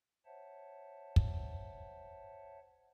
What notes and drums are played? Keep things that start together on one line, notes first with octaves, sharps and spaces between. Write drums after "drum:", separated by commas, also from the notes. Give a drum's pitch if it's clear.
C5 C#5 E5 F#5 A5
drum: kick